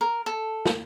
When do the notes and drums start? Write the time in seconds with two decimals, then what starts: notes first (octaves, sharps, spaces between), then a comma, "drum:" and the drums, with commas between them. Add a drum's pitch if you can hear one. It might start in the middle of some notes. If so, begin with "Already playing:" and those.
0.01 A#4
0.26 A4
0.66 drum: snare